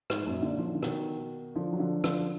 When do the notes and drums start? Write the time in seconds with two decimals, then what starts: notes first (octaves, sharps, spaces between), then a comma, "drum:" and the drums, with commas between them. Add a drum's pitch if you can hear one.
0.10 G#2, drum: rim click
0.26 F#2 A#2
0.42 A#2 D3
0.58 F3
0.67 D#3
0.75 D3
0.83 B2 D#3, drum: rim click
1.55 D3 F3
1.73 F#3
1.79 D3 F3
2.04 D3 F3, drum: rim click